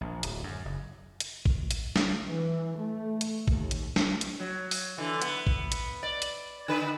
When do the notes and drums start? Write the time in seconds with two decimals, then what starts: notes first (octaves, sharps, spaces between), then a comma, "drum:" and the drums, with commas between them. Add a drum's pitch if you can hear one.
0.01 A#1
0.23 D1, drum: hi-hat
0.43 F#2
0.65 F#1
1.20 drum: hi-hat
1.46 drum: kick A1
1.71 drum: hi-hat
1.96 drum: snare
2.26 E3
2.78 A3
3.21 drum: hi-hat
3.48 D#2, drum: kick A1
3.71 drum: hi-hat
3.96 drum: snare
4.21 drum: hi-hat
4.40 F#3
4.71 drum: open hi-hat
4.98 D3 E3
5.22 B3, drum: hi-hat
5.47 drum: kick A1
5.72 drum: hi-hat
6.03 D5
6.22 drum: hi-hat
6.68 D3 B4